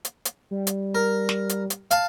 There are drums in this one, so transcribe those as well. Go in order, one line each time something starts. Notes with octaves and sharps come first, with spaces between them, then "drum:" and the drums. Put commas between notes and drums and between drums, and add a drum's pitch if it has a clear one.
drum: hi-hat
drum: hi-hat
G3
drum: hi-hat
A#4
drum: snare
drum: hi-hat
drum: hi-hat
F5 A5, drum: hi-hat